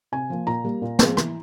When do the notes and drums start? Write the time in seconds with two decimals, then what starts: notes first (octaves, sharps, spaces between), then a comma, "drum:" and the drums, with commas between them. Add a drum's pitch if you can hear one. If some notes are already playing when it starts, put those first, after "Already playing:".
0.12 C3 G#5
0.30 F3 A#3
0.47 A#2 A#5
0.64 G3 A#3
0.82 A#2
0.99 F3 G#3 C4, drum: snare
1.17 E3, drum: rim click